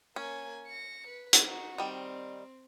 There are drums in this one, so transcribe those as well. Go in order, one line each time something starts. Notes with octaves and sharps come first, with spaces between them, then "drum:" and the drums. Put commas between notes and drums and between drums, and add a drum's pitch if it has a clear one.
A#3 C#4 G#5
A#6 C#7
B4
drum: hi-hat
D#4 F#4
D#3 G3 C4